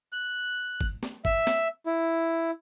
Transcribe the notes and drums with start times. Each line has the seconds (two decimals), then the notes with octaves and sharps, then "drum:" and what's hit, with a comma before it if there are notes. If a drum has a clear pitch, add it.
0.12 F#6
0.81 drum: kick G1
1.03 drum: snare
1.25 E5, drum: kick G1
1.47 drum: snare
1.86 E4